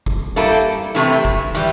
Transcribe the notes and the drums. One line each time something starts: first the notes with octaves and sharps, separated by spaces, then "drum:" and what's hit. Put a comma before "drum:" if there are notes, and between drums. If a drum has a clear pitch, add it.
drum: kick
G3 A#3 E4 A4
C3 E3 A3 E4
drum: kick
E3 G3